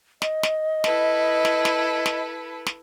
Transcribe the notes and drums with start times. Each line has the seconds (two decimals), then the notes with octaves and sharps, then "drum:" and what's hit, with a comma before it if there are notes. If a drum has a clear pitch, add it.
0.22 D#5, drum: snare
0.43 drum: snare
0.84 E4 A4 B4, drum: snare
1.45 drum: snare
1.65 drum: snare
2.06 drum: snare
2.66 drum: snare